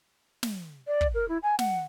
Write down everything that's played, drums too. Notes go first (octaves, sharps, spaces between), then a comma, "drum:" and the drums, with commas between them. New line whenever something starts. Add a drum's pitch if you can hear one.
drum: snare
D5
drum: kick
A#4
E4
G#5
F#5, drum: snare